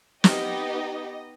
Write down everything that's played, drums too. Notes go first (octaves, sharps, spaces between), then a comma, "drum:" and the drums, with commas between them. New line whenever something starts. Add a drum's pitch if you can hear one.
B3 D#4 G4 D#5, drum: snare